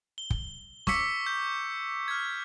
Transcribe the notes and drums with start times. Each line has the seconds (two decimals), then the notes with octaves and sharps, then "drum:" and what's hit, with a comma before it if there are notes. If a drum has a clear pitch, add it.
0.18 G7
0.30 drum: kick
0.87 C#6 D6 E6 B6 C#7, drum: snare
1.26 G6
2.08 F6 G#6